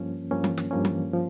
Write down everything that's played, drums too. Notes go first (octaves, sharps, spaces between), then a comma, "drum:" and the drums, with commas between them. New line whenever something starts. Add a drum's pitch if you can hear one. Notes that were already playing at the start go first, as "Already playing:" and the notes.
Already playing: G2 F3 A#3 C#4
G2 F3 A#3 C#4
drum: tom E3
drum: snare
G2 F3 A#3 C#4
drum: tom E3
F3